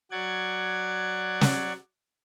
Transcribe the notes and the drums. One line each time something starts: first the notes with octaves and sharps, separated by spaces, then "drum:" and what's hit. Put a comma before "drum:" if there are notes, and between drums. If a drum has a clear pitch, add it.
F#3 D5 F#5 G#6
drum: snare